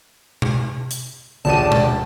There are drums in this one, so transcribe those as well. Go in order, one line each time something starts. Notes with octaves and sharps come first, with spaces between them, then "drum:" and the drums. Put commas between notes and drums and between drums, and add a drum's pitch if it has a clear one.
drum: tom B2
drum: hi-hat
D#1 A#1 D5 A5 D#7
drum: tom B2